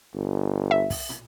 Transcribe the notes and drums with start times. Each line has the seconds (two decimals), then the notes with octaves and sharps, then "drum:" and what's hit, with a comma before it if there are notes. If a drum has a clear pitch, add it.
0.14 G1
0.71 E5
0.90 drum: kick, open hi-hat
1.09 drum: tom